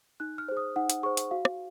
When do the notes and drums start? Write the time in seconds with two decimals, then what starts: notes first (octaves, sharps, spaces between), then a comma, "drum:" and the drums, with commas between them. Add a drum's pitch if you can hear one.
0.20 D#4 F#6
0.38 F6
0.48 G#4 C5
0.57 D#6
0.76 D#4 F#5
0.90 drum: hi-hat
1.03 G#4 C5 C#6
1.17 drum: hi-hat
1.31 F#4 F5
1.45 drum: rim click